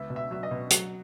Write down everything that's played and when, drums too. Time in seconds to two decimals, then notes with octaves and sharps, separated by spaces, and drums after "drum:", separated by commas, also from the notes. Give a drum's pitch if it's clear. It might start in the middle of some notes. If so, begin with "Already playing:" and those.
Already playing: C#2 B3 E5
0.10 B2
0.16 E5
0.31 F#3 E5
0.43 D#5
0.51 B2
0.70 F#3, drum: hi-hat